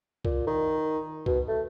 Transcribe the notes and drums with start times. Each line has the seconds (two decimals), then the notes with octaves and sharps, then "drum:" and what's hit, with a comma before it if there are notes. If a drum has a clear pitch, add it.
0.25 A#2, drum: kick C2
0.47 D#3
1.26 B2, drum: kick C2
1.48 A3